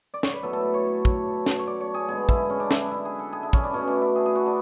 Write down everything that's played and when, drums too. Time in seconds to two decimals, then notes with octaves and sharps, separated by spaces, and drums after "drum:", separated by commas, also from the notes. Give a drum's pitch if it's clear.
0.14 D5
0.23 C#5, drum: snare
0.33 B4
0.43 A2 F#3 B3 A4
0.53 A4
0.74 C#5
1.05 drum: kick
1.46 drum: snare
1.59 C#5
1.67 D5
1.80 C#5
1.94 G#4
2.08 D3 G#3 B3 G#4
2.29 E4, drum: kick
2.50 C#4
2.60 D4
2.71 E4, drum: snare
2.91 E4
3.05 G#4
3.19 A4
3.33 G#4
3.43 E4
3.53 C#4, drum: kick
3.64 D4
3.74 B2 A3 C#4
3.87 D4
4.02 E4
4.15 G#4
4.26 G#4
4.35 F#4
4.46 D4